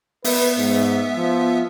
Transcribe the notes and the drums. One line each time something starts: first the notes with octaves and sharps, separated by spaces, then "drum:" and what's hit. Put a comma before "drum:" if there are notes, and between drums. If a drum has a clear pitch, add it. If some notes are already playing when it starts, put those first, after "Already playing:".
B3 B4 E5, drum: open hi-hat
G#2
F3